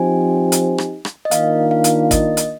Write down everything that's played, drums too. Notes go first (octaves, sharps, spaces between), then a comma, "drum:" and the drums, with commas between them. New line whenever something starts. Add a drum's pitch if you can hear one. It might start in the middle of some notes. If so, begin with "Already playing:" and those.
Already playing: F3 C4 D#4 G4 G#5
drum: hi-hat
drum: rim click
drum: rim click
D#5
D#3 A#3 D4 F4 F5, drum: hi-hat
F5
drum: hi-hat
D#5, drum: kick, hi-hat
drum: hi-hat